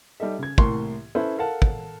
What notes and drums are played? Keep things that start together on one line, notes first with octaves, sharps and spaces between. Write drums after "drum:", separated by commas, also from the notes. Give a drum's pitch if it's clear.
G3 D#4 A4 E5
C#3 G#6
C2 A2 A#3 C6 C#6, drum: kick
C#4 E4 A4 B4 C5
A4 A#4 F5 F#5 A5
drum: kick